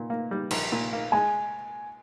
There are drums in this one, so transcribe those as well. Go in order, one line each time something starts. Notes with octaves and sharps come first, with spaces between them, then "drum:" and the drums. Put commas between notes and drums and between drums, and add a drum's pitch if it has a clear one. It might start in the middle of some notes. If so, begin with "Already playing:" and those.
Already playing: A#2
A#3
G3
A#1, drum: cymbal
A#2
A#3
G#3 G#5